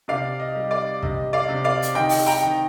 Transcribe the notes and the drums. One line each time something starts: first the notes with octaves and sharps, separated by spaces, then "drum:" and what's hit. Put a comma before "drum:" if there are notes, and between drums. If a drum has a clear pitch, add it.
C3 D5 F5
D#5
G3
D5
C3 D#5, drum: kick
D5 F5
C3
D5 F5
drum: hi-hat
D#3 D#5 G5
drum: open hi-hat
G5 A#5
D#3